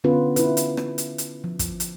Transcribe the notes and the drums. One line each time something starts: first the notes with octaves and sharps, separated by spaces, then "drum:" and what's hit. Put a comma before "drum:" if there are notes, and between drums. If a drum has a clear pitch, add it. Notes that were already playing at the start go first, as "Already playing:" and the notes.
D3 B3 C#4 F4 B4
E4 B4, drum: hi-hat
drum: hi-hat
drum: rim click
drum: hi-hat
drum: hi-hat
F3
drum: kick, hi-hat
drum: hi-hat